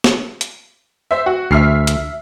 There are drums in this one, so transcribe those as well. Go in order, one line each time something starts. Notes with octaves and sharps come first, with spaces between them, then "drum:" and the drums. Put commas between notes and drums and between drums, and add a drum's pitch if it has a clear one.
drum: snare
drum: hi-hat
C5 E5
F#4
D2 E5 F6 C7
drum: hi-hat